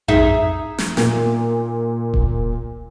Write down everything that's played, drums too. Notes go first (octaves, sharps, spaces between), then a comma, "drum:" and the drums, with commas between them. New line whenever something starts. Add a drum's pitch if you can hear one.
D#4 G#4 E5, drum: tom F2
drum: snare
A#2, drum: snare
drum: kick D#1